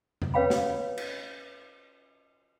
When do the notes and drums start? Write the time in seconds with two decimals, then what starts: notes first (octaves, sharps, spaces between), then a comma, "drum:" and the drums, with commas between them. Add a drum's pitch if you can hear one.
0.22 drum: tom E2
0.34 C#4 B4 C#5 F5 G5 B5
0.50 drum: snare
0.97 drum: cymbal